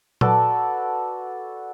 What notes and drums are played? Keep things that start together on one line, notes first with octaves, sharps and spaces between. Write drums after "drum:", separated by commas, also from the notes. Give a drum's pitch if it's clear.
F#4 A4 B4 D5, drum: tom A#2